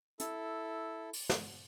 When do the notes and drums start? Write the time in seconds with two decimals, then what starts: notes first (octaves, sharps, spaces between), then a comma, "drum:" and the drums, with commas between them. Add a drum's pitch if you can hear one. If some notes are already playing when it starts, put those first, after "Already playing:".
0.20 E4 A4, drum: hi-hat
1.13 drum: open hi-hat
1.30 drum: snare